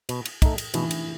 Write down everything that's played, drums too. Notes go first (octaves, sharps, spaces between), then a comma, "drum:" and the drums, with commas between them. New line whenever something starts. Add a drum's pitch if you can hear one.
B2, drum: cymbal
drum: cymbal
A3 D#4, drum: kick, cymbal
drum: cymbal
B2 E3, drum: cymbal
drum: cymbal